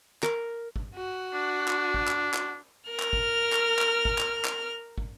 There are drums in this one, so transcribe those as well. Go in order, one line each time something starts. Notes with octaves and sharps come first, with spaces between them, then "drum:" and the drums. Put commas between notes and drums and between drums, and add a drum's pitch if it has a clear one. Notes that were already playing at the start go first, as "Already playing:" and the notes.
A#4, drum: clap
drum: kick
F#4
D4
drum: clap
drum: kick
drum: clap
drum: clap
A#4 F6
drum: clap
drum: kick
drum: clap
drum: clap
drum: kick
drum: clap
drum: clap
drum: kick